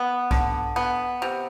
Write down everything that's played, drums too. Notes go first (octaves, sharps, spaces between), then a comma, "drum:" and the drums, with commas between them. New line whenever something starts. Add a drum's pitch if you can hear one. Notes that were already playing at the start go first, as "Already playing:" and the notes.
Already playing: B3
D3, drum: kick B1
B3
C3